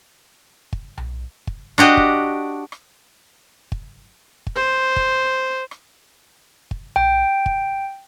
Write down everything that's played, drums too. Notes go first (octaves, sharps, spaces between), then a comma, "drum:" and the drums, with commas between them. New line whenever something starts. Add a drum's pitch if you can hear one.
drum: kick
drum: tom B1
drum: kick
D4 F#4 G4 D#5
drum: kick
drum: rim click
drum: kick
drum: kick
C5
drum: kick
drum: rim click
drum: kick
G5, drum: tom B1
drum: kick